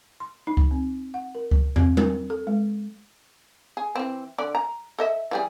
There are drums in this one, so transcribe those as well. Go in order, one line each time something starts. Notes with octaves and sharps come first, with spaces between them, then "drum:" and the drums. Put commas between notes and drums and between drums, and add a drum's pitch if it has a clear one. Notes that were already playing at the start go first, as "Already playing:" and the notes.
C6
D#4
drum: kick C#2
C4
F#5
A#4
drum: kick C#2
C4, drum: tom
A#4, drum: tom G3
A4
G#3
G#4
E3 C4
D3 D5
A#5
A4 D#5 E5
E3 G3 G#4